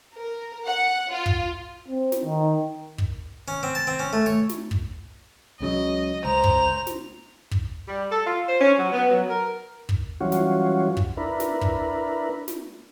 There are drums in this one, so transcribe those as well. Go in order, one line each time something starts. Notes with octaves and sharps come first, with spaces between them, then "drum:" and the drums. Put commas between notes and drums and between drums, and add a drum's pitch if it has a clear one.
A#4
F#5
F4
drum: kick
C4
drum: snare
D#3
drum: kick
C#4
C4
A5
C4
C#4
A3
C#5
drum: snare
drum: kick
C#2 C#3 F#3 D#5
C#2 C5 A#5 F7
drum: kick
drum: snare
drum: kick
G3
A4
F4
C5
C#4
F#3
B3
F#3
A#4
drum: kick
E3 F#3 G3 C#4 F4 F#4
drum: snare
drum: kick
D4 E4 A#4 B4
drum: snare
drum: kick
drum: snare